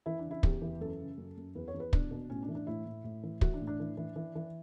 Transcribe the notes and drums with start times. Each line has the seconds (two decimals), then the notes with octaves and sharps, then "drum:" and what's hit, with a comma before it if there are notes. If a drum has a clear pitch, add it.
0.06 E3 E4
0.19 D4
0.25 C#3
0.31 E4
0.43 E2 G4, drum: kick
0.62 E3
0.81 F#2 A4
1.00 C#3
1.18 F#2
1.37 F#2
1.55 E2 B4
1.68 C#5
1.74 E2
1.80 B4
1.93 B2 D4, drum: kick
2.11 B2
2.30 A2 C#4
2.43 D4
2.49 E3
2.55 D4
2.67 A2 E4
2.85 A2
3.04 A2
3.23 E3
3.41 E3 F#4, drum: kick
3.54 D4
3.61 A2
3.67 D4
3.80 E3
3.97 E3
4.16 E3
4.35 E3